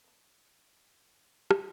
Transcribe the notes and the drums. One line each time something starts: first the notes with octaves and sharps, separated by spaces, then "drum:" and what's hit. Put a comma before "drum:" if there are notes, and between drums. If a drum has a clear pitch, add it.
B3 D4
drum: rim click